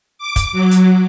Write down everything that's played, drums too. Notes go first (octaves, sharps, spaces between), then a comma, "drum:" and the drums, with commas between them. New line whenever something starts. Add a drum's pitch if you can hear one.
D6
drum: kick, hi-hat
F#3
drum: hi-hat